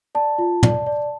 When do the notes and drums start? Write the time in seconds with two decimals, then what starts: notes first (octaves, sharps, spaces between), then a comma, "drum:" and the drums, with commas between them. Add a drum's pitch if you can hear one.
0.15 D5 A5
0.38 F4
0.63 D5, drum: tom
0.87 D5